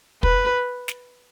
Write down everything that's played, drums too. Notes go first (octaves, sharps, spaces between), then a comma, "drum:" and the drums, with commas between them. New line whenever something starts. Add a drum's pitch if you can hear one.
B4, drum: kick
drum: snare